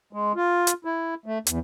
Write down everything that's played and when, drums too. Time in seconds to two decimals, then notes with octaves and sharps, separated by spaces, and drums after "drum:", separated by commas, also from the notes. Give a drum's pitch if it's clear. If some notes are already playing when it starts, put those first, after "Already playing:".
0.13 G#3
0.36 F4
0.67 drum: hi-hat
0.85 E4
1.26 A3
1.47 E2, drum: hi-hat